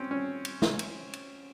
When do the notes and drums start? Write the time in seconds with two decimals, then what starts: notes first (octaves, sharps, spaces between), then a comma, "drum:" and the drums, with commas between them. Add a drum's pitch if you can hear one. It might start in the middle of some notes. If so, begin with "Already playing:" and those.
Already playing: C4 C#4
0.11 C#4
0.45 drum: cymbal
0.62 drum: snare
0.79 drum: cymbal
1.13 drum: cymbal